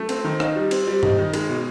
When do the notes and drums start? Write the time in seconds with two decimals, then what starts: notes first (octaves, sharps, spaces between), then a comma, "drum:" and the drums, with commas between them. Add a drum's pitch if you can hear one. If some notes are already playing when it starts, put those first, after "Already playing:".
Already playing: A3
0.09 C4, drum: cymbal
0.24 D#3
0.40 D#4, drum: rim click
0.56 G3
0.71 C4, drum: cymbal
0.87 G3
1.03 D#4, drum: tom G2
1.18 D#3
1.34 G#3, drum: cymbal
1.49 B2